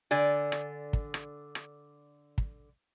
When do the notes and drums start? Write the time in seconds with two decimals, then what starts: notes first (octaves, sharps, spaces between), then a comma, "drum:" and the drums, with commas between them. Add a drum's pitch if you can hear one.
0.11 D3 D5 G#5
0.52 drum: rim click
0.93 drum: kick
1.14 drum: rim click
1.55 drum: rim click
2.38 drum: kick